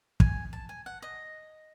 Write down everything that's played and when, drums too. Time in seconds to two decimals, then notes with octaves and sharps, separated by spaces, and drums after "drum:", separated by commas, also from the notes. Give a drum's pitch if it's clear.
0.20 G#5, drum: kick
0.53 A5
0.69 G#5
0.86 F#5
1.02 D#5